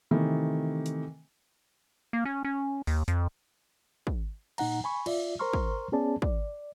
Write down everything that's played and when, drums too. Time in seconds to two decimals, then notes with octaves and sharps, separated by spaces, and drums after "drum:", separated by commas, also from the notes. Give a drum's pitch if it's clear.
0.11 C3 D#3 E3 A3
0.86 drum: hi-hat
2.13 A#3
2.25 C#4
2.45 C#4
2.87 D#2, drum: open hi-hat
3.08 F2, drum: hi-hat
4.07 drum: kick
4.58 A#2 D#4 F#5 A#5, drum: cymbal
4.84 G#5 B5 C#6
5.06 F4 D5 E5, drum: cymbal
5.39 A#4 C5 A#5 C6 C#6 F6
5.53 drum: kick
5.92 B3 C#4 G#4 D5 A5
6.22 D5, drum: kick